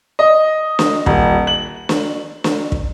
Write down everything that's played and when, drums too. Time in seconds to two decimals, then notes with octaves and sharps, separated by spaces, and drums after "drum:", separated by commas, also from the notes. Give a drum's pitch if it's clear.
0.19 D#5
0.79 drum: snare
1.06 D#1, drum: kick
1.47 F#7
1.89 drum: snare
2.44 drum: snare
2.72 drum: kick